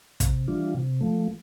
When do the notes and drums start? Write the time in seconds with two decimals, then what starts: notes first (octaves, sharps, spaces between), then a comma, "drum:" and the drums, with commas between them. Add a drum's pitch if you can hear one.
0.20 C3, drum: kick, hi-hat
0.48 E3 G3 D4 F4
0.75 C3
1.01 F3 A3